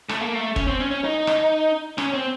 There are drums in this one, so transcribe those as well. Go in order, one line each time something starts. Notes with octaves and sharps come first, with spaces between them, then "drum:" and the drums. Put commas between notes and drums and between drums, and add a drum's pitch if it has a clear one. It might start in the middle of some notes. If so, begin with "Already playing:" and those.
A3, drum: rim click
A#3
A3
C#4, drum: kick
C4
C#4
C#4
D#4
drum: rim click
C#4, drum: rim click
C4